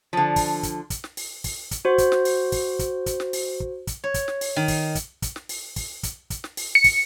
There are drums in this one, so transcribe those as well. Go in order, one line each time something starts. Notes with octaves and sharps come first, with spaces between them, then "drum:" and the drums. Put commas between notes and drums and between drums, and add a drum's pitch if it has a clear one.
D3 F3
drum: kick, open hi-hat
drum: kick, hi-hat
drum: kick, hi-hat
drum: snare
drum: open hi-hat
drum: kick, open hi-hat
drum: kick, hi-hat
F#4 C5
drum: kick, hi-hat
drum: snare
drum: open hi-hat
drum: kick, open hi-hat
drum: kick, hi-hat
drum: kick, hi-hat
drum: snare
drum: open hi-hat
drum: kick
drum: kick, hi-hat
C#5
drum: kick, hi-hat
drum: snare
drum: open hi-hat
D#3
drum: kick, open hi-hat
drum: kick, hi-hat
drum: kick, hi-hat
drum: snare
drum: open hi-hat
drum: kick, open hi-hat
drum: kick, hi-hat
drum: kick, hi-hat
drum: snare
drum: open hi-hat
C#7
drum: kick, open hi-hat